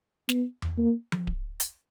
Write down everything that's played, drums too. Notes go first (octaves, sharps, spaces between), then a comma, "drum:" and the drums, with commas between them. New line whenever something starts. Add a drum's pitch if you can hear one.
B3, drum: snare
drum: tom E2
A#3
drum: tom F3
drum: kick D1
drum: hi-hat